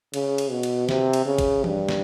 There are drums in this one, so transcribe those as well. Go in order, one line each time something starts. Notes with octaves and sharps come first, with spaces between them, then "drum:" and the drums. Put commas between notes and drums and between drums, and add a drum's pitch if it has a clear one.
C#3, drum: cymbal
drum: cymbal
B2
drum: cymbal
C3, drum: snare
drum: cymbal
C#3
drum: kick, cymbal
G2, drum: tom E3
drum: snare